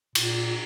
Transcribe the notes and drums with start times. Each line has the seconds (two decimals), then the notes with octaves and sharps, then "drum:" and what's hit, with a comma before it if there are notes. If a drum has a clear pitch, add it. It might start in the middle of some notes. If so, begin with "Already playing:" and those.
0.15 A#2, drum: cymbal